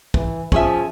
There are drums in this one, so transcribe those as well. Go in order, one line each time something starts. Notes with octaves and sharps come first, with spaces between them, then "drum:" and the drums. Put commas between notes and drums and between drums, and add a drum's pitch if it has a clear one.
E3, drum: kick
F3 C#4 G#4 E5, drum: kick